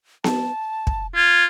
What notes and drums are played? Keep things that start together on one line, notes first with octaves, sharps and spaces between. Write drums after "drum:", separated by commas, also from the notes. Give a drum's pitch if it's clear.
A5, drum: snare B3
drum: kick
F4 G#6